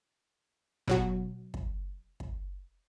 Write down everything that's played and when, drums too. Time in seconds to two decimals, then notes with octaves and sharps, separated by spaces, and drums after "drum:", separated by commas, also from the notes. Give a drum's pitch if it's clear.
0.88 B2 F#3 F#4, drum: kick
1.54 drum: kick
2.20 drum: kick